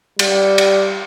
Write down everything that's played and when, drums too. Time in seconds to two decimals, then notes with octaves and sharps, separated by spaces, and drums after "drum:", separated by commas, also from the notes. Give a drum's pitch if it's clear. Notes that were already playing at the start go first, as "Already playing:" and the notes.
0.19 G3, drum: cymbal
0.58 drum: cymbal